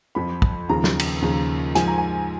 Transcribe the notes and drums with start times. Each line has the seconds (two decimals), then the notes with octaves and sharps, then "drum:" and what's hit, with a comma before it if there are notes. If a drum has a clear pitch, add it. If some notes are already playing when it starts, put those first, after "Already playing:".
0.15 F2 F3 B5
0.42 drum: kick
0.69 D#2 C#3 F3 A#5
0.84 drum: snare
0.99 drum: cymbal
1.22 D#2 C#3 F3
1.75 G#2 F3 G#5, drum: hi-hat
1.87 A#5
1.98 G#5